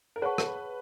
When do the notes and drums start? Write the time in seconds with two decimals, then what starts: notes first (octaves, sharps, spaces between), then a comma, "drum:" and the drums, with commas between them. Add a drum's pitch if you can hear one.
0.16 A#4
0.22 G#4 B4 C#5 F#5 A5 C#6
0.38 drum: rim click